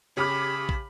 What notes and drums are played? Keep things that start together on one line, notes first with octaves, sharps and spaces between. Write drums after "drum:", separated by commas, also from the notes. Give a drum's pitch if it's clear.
C#3 G4 C#5 B5 D6 F6
drum: kick